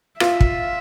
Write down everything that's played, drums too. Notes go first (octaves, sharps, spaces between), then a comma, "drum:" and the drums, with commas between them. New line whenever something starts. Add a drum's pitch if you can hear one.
F4 E5, drum: rim click
drum: kick